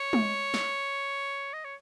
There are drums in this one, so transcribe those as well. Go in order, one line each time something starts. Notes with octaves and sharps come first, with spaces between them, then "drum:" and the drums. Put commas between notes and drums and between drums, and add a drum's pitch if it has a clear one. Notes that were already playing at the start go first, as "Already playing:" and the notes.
Already playing: C#5
drum: tom G#3
drum: snare
D#5
C#5